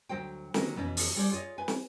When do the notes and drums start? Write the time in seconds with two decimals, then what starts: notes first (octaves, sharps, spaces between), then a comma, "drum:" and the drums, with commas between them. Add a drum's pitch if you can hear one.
0.09 D2 B2 F#3 C5 G5
0.54 D3 D#3 F#3 A#3 C#4, drum: snare
0.75 F2 B2 E3 C#4 E4
0.97 drum: open hi-hat
1.16 G3 G#4 C5 D5
1.31 F4 G#4 C#5 D#5
1.58 B4 G#5
1.68 drum: snare